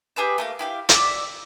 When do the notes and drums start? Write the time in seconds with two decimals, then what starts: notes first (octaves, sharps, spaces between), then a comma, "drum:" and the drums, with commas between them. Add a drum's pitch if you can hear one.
0.16 G4 G#4 B4 E5
0.38 A3 A#3 F5
0.59 E4 G4 F5
0.89 D5 E5, drum: hi-hat